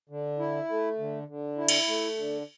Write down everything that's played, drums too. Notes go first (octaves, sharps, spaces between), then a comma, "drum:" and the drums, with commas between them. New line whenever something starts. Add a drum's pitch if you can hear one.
D3
E4
A3
D3
D3
E4
drum: cymbal
A3
D3